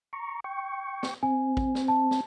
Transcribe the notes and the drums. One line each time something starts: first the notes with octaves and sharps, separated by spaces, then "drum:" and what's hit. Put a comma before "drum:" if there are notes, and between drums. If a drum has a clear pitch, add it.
A#5 C#6
G5 C#6
drum: snare
C4 G#5
drum: kick
drum: snare
A5
drum: snare